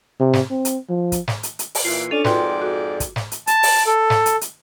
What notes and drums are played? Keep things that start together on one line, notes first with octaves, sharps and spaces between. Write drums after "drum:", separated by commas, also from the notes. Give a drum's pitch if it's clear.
C3
drum: snare
C4
drum: hi-hat
F3
drum: kick, hi-hat
drum: snare
drum: hi-hat
drum: hi-hat
drum: open hi-hat
A#2 E3 F4 C7
C#4 D4 A4 D5 D#7 F7
F2 G#2 F4 F#4 B4 D5 G5 C6, drum: snare
F#4 A4
drum: kick, hi-hat
drum: snare
drum: hi-hat
A5, drum: hi-hat
drum: open hi-hat
A4
drum: snare
drum: hi-hat
drum: hi-hat